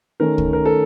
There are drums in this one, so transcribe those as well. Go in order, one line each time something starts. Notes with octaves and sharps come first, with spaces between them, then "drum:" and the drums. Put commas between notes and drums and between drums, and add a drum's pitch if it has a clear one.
D#3 A3 C#4 A#4
drum: kick
A#4
A4